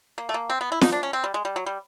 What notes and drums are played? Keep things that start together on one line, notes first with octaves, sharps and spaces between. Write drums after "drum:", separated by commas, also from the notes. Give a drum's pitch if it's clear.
A#3
A3
A#3
C4
B3
E4
D#4, drum: snare
D4
C#4
C4
G3
G#3
G3
F#3
G3